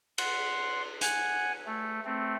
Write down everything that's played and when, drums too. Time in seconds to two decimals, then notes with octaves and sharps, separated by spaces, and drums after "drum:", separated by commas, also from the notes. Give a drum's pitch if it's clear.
0.18 F#5 C6, drum: cymbal
1.01 F#5 G#5, drum: hi-hat
1.66 A3
2.05 A3 C4